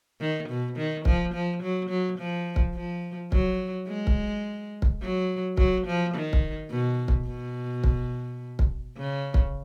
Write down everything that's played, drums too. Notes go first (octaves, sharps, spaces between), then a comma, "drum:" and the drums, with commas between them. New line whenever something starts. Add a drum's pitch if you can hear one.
D#3
B2
D#3
F3, drum: kick
F3
F#3
F#3
F3
drum: kick
F3
F#3, drum: kick
G#3
drum: kick
drum: kick
F#3
F#3, drum: kick
F3
D#3
drum: kick
B2
drum: kick
B2
drum: kick
drum: kick
C#3
drum: kick